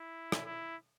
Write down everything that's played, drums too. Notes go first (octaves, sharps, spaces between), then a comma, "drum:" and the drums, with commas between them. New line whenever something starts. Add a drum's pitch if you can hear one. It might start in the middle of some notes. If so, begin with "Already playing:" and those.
Already playing: E4
drum: rim click
E4